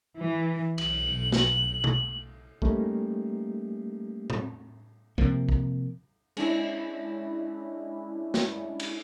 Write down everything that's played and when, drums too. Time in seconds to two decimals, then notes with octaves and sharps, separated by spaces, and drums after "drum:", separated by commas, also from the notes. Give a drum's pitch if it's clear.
0.20 E3
0.78 B1 F#7, drum: cymbal
1.32 drum: snare
1.84 drum: tom B2
2.62 G3 A3 A#3 C#4 D#4 G4, drum: kick
4.30 drum: tom
5.18 C3 F3 A#3, drum: kick
5.49 drum: kick
6.37 G#3 C#4 D4 E4, drum: cymbal
8.34 drum: snare
8.80 drum: cymbal